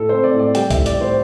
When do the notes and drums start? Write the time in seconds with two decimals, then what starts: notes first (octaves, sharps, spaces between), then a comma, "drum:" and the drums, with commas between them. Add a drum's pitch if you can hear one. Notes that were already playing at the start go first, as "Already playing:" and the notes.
Already playing: A2 A4
0.09 C4 C5
0.24 D5
0.34 A2
0.39 D5
0.55 G3 G5, drum: hi-hat
0.71 E5, drum: kick C2, hi-hat
0.76 A2
0.86 D5, drum: hi-hat
0.96 A2 C5